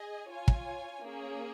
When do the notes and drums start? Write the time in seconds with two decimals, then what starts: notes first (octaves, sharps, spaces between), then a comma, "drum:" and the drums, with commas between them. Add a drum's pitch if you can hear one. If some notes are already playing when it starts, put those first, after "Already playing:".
Already playing: G#4 D#5 G#5
0.30 F4 C#5 G#5
0.48 drum: kick
1.03 A#3 C#4 G#4